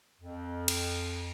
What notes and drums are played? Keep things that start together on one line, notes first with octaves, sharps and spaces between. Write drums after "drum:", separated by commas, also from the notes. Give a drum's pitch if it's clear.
F2
drum: cymbal